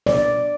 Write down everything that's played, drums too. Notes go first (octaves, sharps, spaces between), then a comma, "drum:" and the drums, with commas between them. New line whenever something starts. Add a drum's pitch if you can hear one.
D5, drum: snare